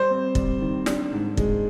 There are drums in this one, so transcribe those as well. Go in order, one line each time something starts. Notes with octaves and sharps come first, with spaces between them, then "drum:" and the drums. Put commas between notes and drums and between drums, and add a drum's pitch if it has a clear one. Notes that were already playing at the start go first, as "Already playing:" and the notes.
Already playing: G3 C5
C4
G3, drum: kick
D#3
D4, drum: snare
G#2
G#3, drum: kick